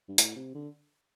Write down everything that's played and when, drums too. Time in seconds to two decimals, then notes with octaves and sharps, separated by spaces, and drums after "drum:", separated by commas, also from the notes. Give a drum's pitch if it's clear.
0.08 G2
0.18 A2, drum: hi-hat
0.36 C3
0.55 D3